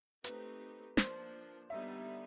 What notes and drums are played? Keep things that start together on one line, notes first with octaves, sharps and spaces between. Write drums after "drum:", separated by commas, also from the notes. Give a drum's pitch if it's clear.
A3 C4 D#4 G4 B4, drum: hi-hat
F3 A#3 D4 C5, drum: snare
D3 G3 B3 D#4 E5